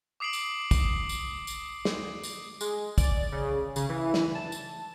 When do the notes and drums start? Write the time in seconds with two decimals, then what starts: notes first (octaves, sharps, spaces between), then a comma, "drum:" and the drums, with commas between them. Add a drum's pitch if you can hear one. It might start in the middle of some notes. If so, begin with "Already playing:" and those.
0.20 D6 D#6 C7 D7 F#7
0.33 drum: tambourine
0.71 drum: kick, tambourine
1.09 drum: tambourine
1.47 drum: tambourine
1.85 drum: snare
2.24 drum: tambourine
2.61 G#3, drum: tambourine
2.98 D5, drum: kick, tambourine
3.32 C#3
3.76 C#3, drum: tambourine
3.89 E3
4.14 drum: snare
4.35 A5
4.52 drum: tambourine